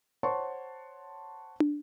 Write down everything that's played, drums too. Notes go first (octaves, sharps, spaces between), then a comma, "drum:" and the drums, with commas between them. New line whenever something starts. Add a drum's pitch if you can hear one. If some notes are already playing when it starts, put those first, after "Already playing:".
C5 C#5 F#5 A5 C6 C#6
drum: tom